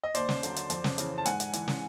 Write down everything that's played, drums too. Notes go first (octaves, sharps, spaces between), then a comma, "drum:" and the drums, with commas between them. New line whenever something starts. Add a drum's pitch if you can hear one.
D#5
D#2 C5 D5, drum: hi-hat
drum: snare
D3 F#3, drum: hi-hat
drum: hi-hat
F2, drum: hi-hat
drum: snare
C#3 E3, drum: hi-hat
A5
G#2 F#5 G#5, drum: hi-hat
drum: hi-hat
E3, drum: hi-hat
drum: snare